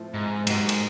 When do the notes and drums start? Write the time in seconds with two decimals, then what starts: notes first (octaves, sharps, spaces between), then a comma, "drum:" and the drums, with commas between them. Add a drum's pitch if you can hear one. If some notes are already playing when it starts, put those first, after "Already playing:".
Already playing: A2 F3 A3 C4
0.14 G#2
0.47 G#2 F#3 A#3 D#4 G4, drum: cymbal
0.69 drum: cymbal